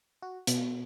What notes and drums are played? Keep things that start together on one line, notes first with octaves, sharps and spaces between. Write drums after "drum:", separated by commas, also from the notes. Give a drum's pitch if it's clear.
F#4
B2, drum: hi-hat